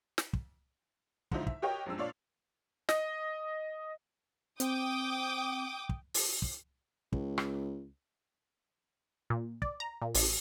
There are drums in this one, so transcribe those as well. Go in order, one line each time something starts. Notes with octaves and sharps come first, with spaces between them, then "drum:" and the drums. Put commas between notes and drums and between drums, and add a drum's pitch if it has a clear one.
drum: snare
drum: kick
G#2 D3 F3 F#3 D#4 E4, drum: kick
E5, drum: kick
F#4 G4 A#4 C#5 D#5 G5
A#1 F#2 G#3 D4 E6
A#2 D4 C#5 D5 F5
D#5, drum: snare
C4 G5 D6 D#6, drum: hi-hat
drum: kick
drum: open hi-hat
drum: kick
C#2, drum: kick
drum: rim click
A#2
D5, drum: kick
A#5
A#2
A1, drum: open hi-hat